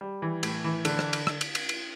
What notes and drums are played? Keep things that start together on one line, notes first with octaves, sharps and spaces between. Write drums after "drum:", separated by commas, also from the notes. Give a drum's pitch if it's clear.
G3
E3
A2, drum: cymbal
E3
D3, drum: cymbal
drum: rim click
drum: cymbal
drum: rim click
drum: cymbal
drum: cymbal
drum: cymbal